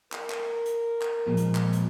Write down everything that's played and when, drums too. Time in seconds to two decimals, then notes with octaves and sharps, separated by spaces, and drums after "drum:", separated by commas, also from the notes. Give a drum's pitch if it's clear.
0.12 A#4, drum: clap
0.30 drum: clap
0.66 drum: hi-hat
1.01 drum: clap
1.27 A#2 F3 G#3
1.37 drum: hi-hat
1.55 drum: clap
1.73 drum: hi-hat